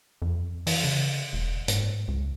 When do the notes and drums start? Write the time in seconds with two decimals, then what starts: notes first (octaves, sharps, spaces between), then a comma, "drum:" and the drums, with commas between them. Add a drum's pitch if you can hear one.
0.22 F2
0.67 E3, drum: open hi-hat
0.84 C#3
1.33 E1
1.68 G#2, drum: hi-hat
2.08 C#2